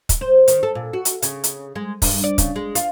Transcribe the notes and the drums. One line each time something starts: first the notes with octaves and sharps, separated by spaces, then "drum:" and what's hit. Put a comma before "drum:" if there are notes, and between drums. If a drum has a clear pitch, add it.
drum: kick, hi-hat
C5
D#3, drum: hi-hat
A4
A#2
F#4
drum: hi-hat
C#3, drum: hi-hat
drum: hi-hat
G#3
G2, drum: kick, open hi-hat
D5
C#3, drum: kick, hi-hat
G#3
F4, drum: hi-hat